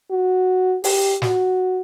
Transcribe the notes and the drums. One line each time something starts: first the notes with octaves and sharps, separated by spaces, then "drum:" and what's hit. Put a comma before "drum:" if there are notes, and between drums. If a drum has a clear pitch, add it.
F#4
G4, drum: open hi-hat
F#4, drum: snare